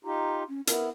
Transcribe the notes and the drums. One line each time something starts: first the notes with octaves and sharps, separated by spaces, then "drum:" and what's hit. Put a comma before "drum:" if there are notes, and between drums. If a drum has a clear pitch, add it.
D#4 F4 G4 A#5
C#4
B3 E4 A#4, drum: hi-hat